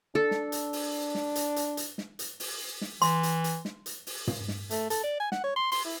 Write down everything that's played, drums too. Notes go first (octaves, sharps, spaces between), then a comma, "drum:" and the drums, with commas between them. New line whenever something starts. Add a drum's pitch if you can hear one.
D4 A4
drum: snare
drum: hi-hat
drum: open hi-hat
drum: snare
drum: hi-hat
drum: hi-hat
drum: hi-hat
drum: snare
drum: hi-hat
drum: open hi-hat
drum: snare
E3 C6, drum: hi-hat
drum: hi-hat
drum: hi-hat
drum: snare
drum: hi-hat
drum: open hi-hat
drum: tom
drum: snare
A3, drum: hi-hat
A4, drum: hi-hat
D5
G#5
F#5, drum: snare
C#5
C6
C6, drum: open hi-hat
E4